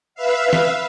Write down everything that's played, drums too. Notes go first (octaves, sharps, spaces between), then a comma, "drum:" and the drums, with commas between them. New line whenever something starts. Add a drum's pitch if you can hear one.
B4 E5 F5
drum: snare